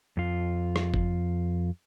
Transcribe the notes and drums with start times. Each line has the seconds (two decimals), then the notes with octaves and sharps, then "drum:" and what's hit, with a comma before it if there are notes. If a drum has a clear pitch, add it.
0.17 F2 F4
0.76 drum: rim click
0.94 drum: kick F#1